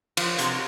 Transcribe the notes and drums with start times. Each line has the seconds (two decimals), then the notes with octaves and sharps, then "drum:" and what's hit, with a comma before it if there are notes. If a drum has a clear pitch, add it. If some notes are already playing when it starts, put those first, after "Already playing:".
0.17 F3, drum: cymbal
0.39 C3, drum: hi-hat